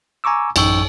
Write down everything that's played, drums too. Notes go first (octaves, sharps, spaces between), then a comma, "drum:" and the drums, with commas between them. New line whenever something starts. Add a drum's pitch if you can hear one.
G#5 A#5 C#6 D6 E6
A1 F#2 D#4 G5 C#6 E6, drum: cymbal